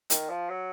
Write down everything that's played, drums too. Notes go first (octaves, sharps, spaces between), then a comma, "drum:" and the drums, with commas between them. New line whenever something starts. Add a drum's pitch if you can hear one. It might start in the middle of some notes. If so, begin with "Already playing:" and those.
D#3, drum: hi-hat
F3
F#3